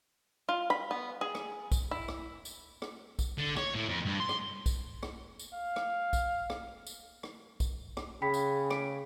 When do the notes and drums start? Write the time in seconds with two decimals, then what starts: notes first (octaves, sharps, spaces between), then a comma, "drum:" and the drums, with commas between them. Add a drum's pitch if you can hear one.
0.49 F4
0.70 B5
0.91 B3
1.21 G#4
1.35 drum: rim click
1.72 drum: kick, tambourine
1.91 E4
2.08 drum: rim click
2.45 drum: tambourine
2.82 drum: rim click
3.19 drum: kick, tambourine
3.38 D3
3.56 C#5, drum: rim click
3.75 A2
3.89 F2
4.05 G2
4.20 C6
4.29 drum: rim click
4.66 drum: kick, tambourine
5.03 drum: rim click
5.39 drum: tambourine
5.53 F5
5.76 drum: rim click
6.13 drum: kick, tambourine
6.50 drum: rim click
6.87 drum: tambourine
7.23 drum: rim click
7.60 drum: kick, tambourine
7.97 drum: rim click
8.22 C#3 G#4 G5 B5 B6
8.34 drum: tambourine
8.71 D7, drum: rim click